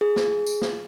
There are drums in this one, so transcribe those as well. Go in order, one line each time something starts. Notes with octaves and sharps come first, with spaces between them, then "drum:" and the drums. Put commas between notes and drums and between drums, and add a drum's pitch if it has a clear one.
G#4
drum: snare
drum: tambourine
drum: snare